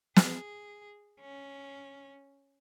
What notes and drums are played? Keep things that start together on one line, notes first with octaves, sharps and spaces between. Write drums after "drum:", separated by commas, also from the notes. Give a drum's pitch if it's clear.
G#4, drum: snare
C#4